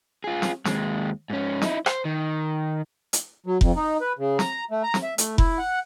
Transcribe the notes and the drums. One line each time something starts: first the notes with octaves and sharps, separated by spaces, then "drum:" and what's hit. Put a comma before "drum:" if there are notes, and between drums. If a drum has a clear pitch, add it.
F4 G#4
drum: snare
D#2 G#3, drum: snare
G#2 C#4
D#4 E4, drum: snare
C5, drum: rim click
D#3
drum: hi-hat
F#3
F2, drum: kick F1
D#4
B4
C#3
A#5, drum: snare
A3
A#5
drum: snare
E5
A3, drum: hi-hat
E4, drum: kick F1
F#5